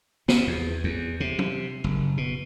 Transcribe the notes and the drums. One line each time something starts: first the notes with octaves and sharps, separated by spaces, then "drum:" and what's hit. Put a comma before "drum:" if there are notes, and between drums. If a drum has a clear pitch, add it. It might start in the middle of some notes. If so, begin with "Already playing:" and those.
C3, drum: snare
E2
E2
C3
drum: tom
F#1
B2